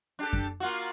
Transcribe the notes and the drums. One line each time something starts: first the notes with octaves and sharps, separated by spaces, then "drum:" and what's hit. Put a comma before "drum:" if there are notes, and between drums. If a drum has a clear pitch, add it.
D4 G4 A4
drum: kick F#2
A#3 F4 F#4